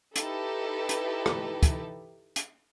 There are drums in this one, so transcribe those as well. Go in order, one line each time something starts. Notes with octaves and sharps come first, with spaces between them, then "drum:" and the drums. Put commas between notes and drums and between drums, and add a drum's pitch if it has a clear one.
D#4 E4 G4 A4 B4, drum: hi-hat
drum: hi-hat
drum: rim click
drum: kick, hi-hat
drum: hi-hat